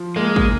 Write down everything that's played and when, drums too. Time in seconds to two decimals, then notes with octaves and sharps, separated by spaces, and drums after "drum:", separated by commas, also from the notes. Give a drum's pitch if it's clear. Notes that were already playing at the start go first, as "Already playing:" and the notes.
Already playing: F3
0.16 G#3 A#3
0.36 drum: kick